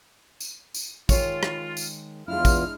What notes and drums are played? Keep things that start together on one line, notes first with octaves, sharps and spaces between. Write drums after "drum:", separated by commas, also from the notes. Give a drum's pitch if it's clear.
drum: tambourine
drum: tambourine
D#3 G#3 F4 C#5, drum: kick, tambourine
drum: rim click
drum: tambourine
E2 G#3 D4 E4 F4 F6
drum: kick, tambourine